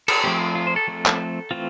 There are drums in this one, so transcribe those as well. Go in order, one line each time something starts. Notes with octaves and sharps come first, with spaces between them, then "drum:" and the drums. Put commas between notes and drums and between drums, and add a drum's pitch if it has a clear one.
A4, drum: cymbal
F3 A3 C4 G4
F4
F4
C5
A4
F3 A3 C4
drum: clap
E3 A3 C4 F4